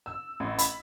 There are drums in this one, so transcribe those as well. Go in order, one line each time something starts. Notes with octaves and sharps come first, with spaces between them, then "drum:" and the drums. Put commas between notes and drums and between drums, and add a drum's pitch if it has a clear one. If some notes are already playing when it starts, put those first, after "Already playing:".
E6
A1
B5, drum: hi-hat